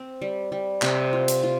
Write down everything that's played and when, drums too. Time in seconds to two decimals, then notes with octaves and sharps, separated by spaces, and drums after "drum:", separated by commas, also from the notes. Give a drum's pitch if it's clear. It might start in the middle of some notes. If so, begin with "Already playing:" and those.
Already playing: C4
0.22 G3
0.52 G3
0.82 C3, drum: clap
1.13 F4
1.28 drum: hi-hat
1.43 F4